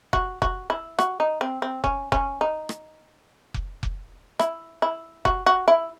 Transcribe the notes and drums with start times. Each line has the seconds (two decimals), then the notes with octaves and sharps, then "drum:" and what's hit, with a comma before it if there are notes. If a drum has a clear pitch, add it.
0.13 F#4, drum: kick F1
0.42 F#4, drum: kick F1
0.70 E4
0.99 F#4, drum: rim click
1.20 D#4
1.41 C4
1.62 C4
1.84 C#4, drum: kick F1
2.12 C#4, drum: kick F1
2.41 D#4
2.69 drum: rim click
3.54 drum: kick F1
3.83 drum: kick F1
4.39 E4, drum: rim click
4.82 E4
5.25 F#4, drum: kick F1
5.46 F#4
5.68 E4